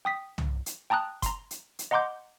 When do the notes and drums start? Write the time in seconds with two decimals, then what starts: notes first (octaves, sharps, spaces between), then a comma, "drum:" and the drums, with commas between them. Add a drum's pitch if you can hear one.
0.05 G5 D#6 B6
0.38 drum: tom C2
0.66 drum: hi-hat
0.90 G5 A5 A#5 D#6 F#6
1.22 A#5 C6, drum: kick F#1, hi-hat
1.51 drum: hi-hat
1.79 drum: hi-hat
1.91 D#5 F#5 A#5 C6 D6 G6